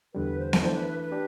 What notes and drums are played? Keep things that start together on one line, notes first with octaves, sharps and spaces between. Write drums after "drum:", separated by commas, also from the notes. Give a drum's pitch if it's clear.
E2 D3 G3 B4
C5
drum: snare B3
E3 A3 D4 C5
B4
B4
B4
D4 G4